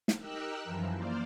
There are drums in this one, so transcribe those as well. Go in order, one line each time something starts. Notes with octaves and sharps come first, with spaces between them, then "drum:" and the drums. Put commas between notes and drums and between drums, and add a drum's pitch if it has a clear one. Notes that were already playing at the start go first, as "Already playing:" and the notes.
drum: snare
D#4 G4 A#4 E6 F#6
F#2 E3 F3
A#3 C5 D5 F5